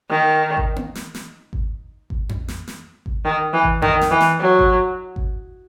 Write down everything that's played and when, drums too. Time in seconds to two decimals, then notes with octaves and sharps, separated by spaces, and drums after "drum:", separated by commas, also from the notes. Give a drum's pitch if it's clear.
0.10 D#3
0.57 drum: kick G#1
0.76 drum: tom A#3
0.95 drum: snare
1.15 drum: snare
1.53 drum: kick G#1
2.10 drum: kick G#1
2.29 drum: tom F2
2.48 drum: snare
2.68 drum: snare
3.06 drum: kick G#1
3.25 D#3
3.54 E3
3.63 drum: kick G#1
3.82 D#3, drum: tom F2
4.01 drum: snare
4.11 E3
4.21 drum: snare
4.40 F#3
4.59 drum: kick G#1
5.16 drum: kick G#1